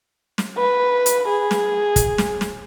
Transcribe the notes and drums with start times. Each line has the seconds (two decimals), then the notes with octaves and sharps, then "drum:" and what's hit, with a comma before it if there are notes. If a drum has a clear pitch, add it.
0.38 drum: snare
0.57 B4
1.06 drum: hi-hat
1.28 G#4
1.51 drum: snare
1.96 drum: kick, hi-hat
2.18 drum: snare
2.41 drum: snare